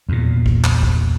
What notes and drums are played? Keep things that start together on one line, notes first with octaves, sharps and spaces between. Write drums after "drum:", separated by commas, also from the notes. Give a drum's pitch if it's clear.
E2 A#2
drum: kick
drum: clap
drum: kick